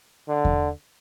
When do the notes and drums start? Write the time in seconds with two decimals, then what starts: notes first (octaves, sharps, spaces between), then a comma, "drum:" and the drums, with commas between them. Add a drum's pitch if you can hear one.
0.28 D3
0.45 drum: kick E2